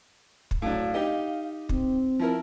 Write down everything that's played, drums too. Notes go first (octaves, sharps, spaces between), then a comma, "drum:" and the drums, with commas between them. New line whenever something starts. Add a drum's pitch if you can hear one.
drum: kick
A2 F#3 D4 F5
D#4 G4 D#5
C4, drum: kick
F3 E4 A#4